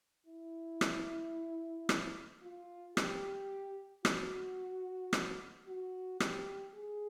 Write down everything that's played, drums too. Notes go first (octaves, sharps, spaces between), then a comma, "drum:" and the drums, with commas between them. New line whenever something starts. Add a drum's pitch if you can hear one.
E4
drum: rim click
drum: rim click
F4
G4, drum: rim click
F#4, drum: rim click
drum: rim click
F#4
G4, drum: rim click
G#4